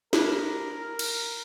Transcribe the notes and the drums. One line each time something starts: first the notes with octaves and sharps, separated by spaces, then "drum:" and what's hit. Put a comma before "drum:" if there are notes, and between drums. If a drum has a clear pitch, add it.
D4 E4 G4 A#4, drum: snare
drum: cymbal